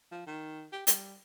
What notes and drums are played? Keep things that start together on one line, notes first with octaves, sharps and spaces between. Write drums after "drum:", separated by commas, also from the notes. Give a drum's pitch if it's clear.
F3
D#3
G4
G3, drum: hi-hat